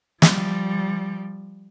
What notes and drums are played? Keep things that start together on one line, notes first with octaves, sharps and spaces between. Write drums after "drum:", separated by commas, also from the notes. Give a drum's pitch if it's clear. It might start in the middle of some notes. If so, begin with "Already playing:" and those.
F3 G3, drum: snare